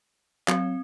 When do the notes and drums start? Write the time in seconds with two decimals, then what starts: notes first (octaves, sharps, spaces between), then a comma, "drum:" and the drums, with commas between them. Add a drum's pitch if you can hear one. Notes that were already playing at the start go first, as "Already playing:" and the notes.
0.48 F#3 C4, drum: clap